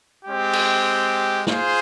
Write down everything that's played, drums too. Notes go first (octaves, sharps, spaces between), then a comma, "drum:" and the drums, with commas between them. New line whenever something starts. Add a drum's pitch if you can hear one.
G#3 C4 G4
drum: cymbal
F4 G#4 C5, drum: snare